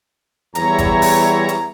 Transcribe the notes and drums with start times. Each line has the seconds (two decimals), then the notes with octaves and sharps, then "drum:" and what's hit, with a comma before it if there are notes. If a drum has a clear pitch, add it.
0.55 E2 G3 E4 C#5 A#5, drum: hi-hat
0.78 drum: kick, hi-hat
1.02 drum: open hi-hat
1.49 drum: hi-hat